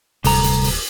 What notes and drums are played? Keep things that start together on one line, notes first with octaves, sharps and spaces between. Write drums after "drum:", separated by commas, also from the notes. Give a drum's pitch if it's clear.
D1 C2 A4 A#5, drum: open hi-hat
drum: hi-hat
drum: open hi-hat